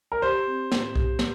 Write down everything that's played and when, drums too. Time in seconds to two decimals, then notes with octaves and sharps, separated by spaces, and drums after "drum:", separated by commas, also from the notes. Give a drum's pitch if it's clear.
0.12 A#4
0.22 G4 C5
0.47 C4
0.72 A2, drum: snare
0.96 G4, drum: kick B1
1.19 drum: snare